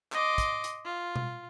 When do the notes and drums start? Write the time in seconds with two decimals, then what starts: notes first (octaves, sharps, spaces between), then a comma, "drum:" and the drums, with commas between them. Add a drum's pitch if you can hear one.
0.12 D#5 C6 D6, drum: clap
0.38 drum: kick, hi-hat
0.64 drum: hi-hat
0.86 F4
1.16 drum: tom B2